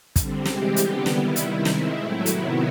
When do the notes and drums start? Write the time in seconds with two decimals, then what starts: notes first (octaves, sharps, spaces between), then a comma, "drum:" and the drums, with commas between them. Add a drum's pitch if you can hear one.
0.16 D3 G3 C4, drum: kick, hi-hat
0.45 C3 E3 G#3 C4 G4, drum: snare
0.76 D3 G3 B3, drum: hi-hat
1.06 D#3 G3 B3 E4, drum: snare
1.36 C3 D#3 G3 E4, drum: hi-hat
1.65 D#3 G#3 C4 E4, drum: snare
1.96 A2 F#3 A3
2.26 C3 D#3 F#3 B3, drum: hi-hat